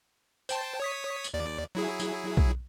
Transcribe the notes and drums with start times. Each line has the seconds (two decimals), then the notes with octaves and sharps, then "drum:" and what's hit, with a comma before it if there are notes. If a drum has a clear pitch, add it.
0.49 C5 G5 A5, drum: tambourine
0.80 C#5 D#6 B6
1.24 drum: tambourine
1.34 D#2 D5
1.75 F#3 E4 G#4
2.00 drum: tambourine
2.37 drum: kick B1